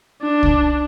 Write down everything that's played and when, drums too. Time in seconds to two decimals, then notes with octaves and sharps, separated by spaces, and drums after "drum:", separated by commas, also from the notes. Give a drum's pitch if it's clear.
0.22 D4
0.43 drum: kick C2